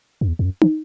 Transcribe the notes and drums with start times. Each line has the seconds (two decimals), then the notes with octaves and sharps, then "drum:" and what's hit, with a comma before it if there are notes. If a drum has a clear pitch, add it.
0.21 F#2
0.28 E2
0.39 E2
0.45 F#2
0.62 E3, drum: tom